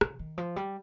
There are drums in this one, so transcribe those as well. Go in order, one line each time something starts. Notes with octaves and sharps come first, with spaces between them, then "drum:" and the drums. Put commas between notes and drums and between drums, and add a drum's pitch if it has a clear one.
C#3, drum: rim click
D#3
F3
G3